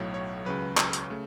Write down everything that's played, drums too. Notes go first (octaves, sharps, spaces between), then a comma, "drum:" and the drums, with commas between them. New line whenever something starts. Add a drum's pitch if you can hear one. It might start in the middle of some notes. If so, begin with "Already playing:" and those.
Already playing: B1 A2 F#3 C#5
C#5
C#2 C#3 F#3 B4
drum: clap
drum: hi-hat
C#3 A3